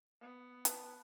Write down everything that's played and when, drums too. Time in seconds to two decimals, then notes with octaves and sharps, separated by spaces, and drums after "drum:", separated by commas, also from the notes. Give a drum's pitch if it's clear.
0.20 B3
0.65 B4 A5, drum: hi-hat